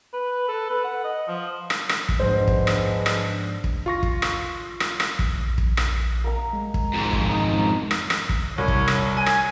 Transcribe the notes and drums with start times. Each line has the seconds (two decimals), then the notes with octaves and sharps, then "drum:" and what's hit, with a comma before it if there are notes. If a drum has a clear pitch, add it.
0.13 B4
0.48 A4
0.70 B4
0.84 F#5
1.04 D#5
1.28 F3
1.70 drum: rim click
1.89 drum: rim click
2.09 drum: kick
2.20 G#2 F3 G#3 B3 D4 C5
2.48 drum: kick
2.67 drum: rim click
3.06 drum: rim click
3.64 drum: kick
3.86 F4 C#6 A#6
4.03 drum: kick
4.22 drum: rim click
4.80 drum: rim click
5.00 drum: rim click
5.19 drum: kick
5.35 A#1
5.58 drum: kick
5.77 drum: rim click
6.24 A#3 A#5
6.53 G#3
6.74 drum: kick
6.94 F2 G#2
7.13 drum: kick
7.29 D#4 D#5
7.91 drum: rim click
8.10 drum: rim click
8.29 drum: kick
8.58 C2 C#5
8.68 drum: kick
8.88 drum: rim click
9.17 G#5 D#7
9.26 drum: rim click